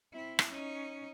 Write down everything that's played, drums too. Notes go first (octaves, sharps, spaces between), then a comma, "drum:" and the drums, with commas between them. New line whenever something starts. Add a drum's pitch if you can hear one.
C4 E4
drum: rim click
C#4 D#4